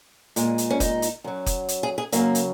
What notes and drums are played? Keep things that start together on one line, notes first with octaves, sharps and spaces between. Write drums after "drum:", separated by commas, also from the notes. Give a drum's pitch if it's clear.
A#2 G#3, drum: hi-hat
drum: hi-hat
C#4
D#4, drum: kick, hi-hat
drum: hi-hat
F#2 F#3
drum: kick, hi-hat
drum: hi-hat
G#4
G#4
F#2 C#3 F#3 A#3, drum: hi-hat
drum: hi-hat